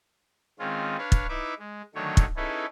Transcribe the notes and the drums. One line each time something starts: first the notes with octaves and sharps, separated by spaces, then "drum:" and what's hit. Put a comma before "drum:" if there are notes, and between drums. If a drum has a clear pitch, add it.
D#3 G#3 C4 C#4 F4
D4 B4 C#5 F5
drum: kick
D#4 E4 B4 E5 D6
G#3
D3 D#3 F#3 A3 C#5
drum: kick
C#4 D#4 E4 G#4 A4 B4